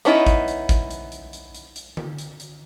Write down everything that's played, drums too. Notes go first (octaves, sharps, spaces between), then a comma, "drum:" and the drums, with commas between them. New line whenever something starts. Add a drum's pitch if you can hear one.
B3 C#4 D#4 E4, drum: hi-hat
drum: kick, hi-hat
drum: hi-hat
drum: kick, hi-hat
drum: hi-hat
drum: hi-hat
drum: hi-hat
drum: hi-hat
drum: hi-hat
drum: tom D3
drum: hi-hat
drum: hi-hat